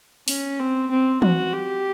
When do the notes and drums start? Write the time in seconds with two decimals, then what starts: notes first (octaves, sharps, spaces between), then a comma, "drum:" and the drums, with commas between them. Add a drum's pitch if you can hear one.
0.28 C#4, drum: open hi-hat
0.59 C4
0.90 C4
1.22 F#4, drum: tom E3
1.53 G4